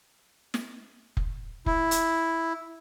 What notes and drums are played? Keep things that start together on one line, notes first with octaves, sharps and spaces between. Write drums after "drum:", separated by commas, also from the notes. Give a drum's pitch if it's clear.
drum: snare
drum: kick F1
E4, drum: kick F1
drum: hi-hat